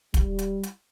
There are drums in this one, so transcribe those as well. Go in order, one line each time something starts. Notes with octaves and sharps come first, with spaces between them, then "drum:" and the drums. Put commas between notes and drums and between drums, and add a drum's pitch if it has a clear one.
G3, drum: kick, hi-hat
drum: hi-hat
drum: hi-hat